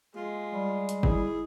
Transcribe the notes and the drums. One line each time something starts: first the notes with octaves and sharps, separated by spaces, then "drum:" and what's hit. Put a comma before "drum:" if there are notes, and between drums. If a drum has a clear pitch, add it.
G#3 F4
G3
drum: hi-hat
E4 G#4, drum: kick G1